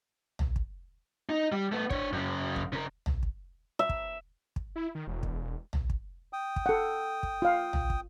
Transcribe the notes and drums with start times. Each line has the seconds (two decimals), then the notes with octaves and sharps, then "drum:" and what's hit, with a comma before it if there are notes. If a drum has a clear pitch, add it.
0.39 drum: tom
0.56 drum: kick
1.29 D#4
1.52 G3
1.72 A3 B3
1.90 D4 C#5, drum: kick
2.13 F#2 C#3
2.56 drum: kick
2.73 C#3 A#4
3.06 drum: tom
3.23 drum: kick
3.79 E5
3.89 drum: kick
4.56 drum: kick
4.76 E4
4.95 D#3
5.07 E1
5.23 drum: kick
5.73 drum: tom
5.90 drum: kick
6.33 G5 D#6
6.56 drum: kick
6.66 A4 F#5
7.23 drum: kick
7.42 F4 F5
7.73 drum: tom
7.90 drum: kick